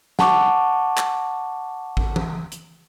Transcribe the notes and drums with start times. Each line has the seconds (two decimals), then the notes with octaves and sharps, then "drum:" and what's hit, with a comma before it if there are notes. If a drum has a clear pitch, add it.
0.19 F#5 A5 C#6 D6, drum: snare
0.97 drum: clap
1.97 drum: kick
2.16 drum: tom E3
2.52 drum: hi-hat